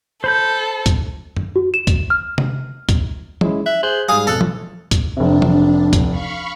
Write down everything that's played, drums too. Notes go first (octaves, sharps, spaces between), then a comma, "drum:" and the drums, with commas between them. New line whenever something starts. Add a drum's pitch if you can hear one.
A4 C5 B5 G6
drum: kick, hi-hat
drum: tom F#2
F#4
E7
drum: kick, hi-hat
F6
drum: tom
drum: kick, hi-hat
G#3 C#4 E4, drum: tom
E5 F#6
G#4 C5 F#6 G6
G#2 G3 G#4 F5
F2 B2 A4 F#6
drum: tom
drum: kick, hi-hat
F1 C3 D4
drum: tom
drum: kick, hi-hat
F5 B5 C#6